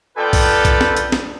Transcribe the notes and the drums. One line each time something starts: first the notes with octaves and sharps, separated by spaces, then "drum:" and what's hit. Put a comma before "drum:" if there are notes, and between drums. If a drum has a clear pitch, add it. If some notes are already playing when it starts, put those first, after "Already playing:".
B3 F4 A4 B4 D5 G5
drum: kick B1, open hi-hat
drum: kick B1, hi-hat
drum: snare
drum: hi-hat
drum: snare